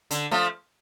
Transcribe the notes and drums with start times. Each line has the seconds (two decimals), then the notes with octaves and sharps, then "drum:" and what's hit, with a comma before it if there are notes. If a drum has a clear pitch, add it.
0.11 D3, drum: hi-hat
0.31 F3 A3, drum: snare